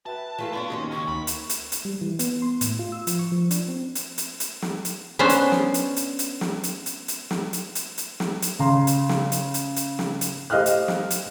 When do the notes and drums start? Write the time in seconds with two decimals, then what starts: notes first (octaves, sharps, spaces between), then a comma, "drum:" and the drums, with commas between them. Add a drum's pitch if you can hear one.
0.06 F#4 B4 E5 G5 A5
0.38 E3 A3 F4 B4
0.53 B3 C#4 D4 F4 C6
0.70 D#2 D#3 F#4 G4 D#5 F5
0.91 C#2 C#6
1.08 D2 B5
1.27 drum: hi-hat
1.49 drum: hi-hat
1.72 drum: hi-hat
1.85 G3
2.01 E3
2.19 B3, drum: hi-hat
2.42 C6
2.61 A2, drum: hi-hat
2.79 F4
2.92 E6
3.07 F3, drum: hi-hat
3.19 C#6
3.32 F3
3.51 D4, drum: hi-hat
3.68 C4
3.95 drum: hi-hat
4.18 drum: hi-hat
4.40 drum: hi-hat
4.62 drum: snare
4.85 drum: hi-hat
5.19 B3 C#4 D4 C5
5.29 drum: hi-hat
5.52 drum: snare
5.74 drum: hi-hat
5.96 drum: hi-hat
6.19 drum: hi-hat
6.41 drum: snare
6.63 drum: hi-hat
6.86 drum: hi-hat
7.08 drum: hi-hat
7.31 drum: snare
7.53 drum: hi-hat
7.75 drum: hi-hat
7.98 drum: hi-hat
8.20 drum: snare
8.42 drum: hi-hat
8.59 C#3 A#5 C6
8.87 drum: hi-hat
9.09 drum: snare
9.32 drum: hi-hat
9.54 drum: hi-hat
9.76 drum: hi-hat
9.99 drum: snare
10.21 drum: hi-hat
10.50 G4 C5 D#5 F5 F6 F#6
10.66 drum: hi-hat
10.88 drum: snare
11.10 drum: hi-hat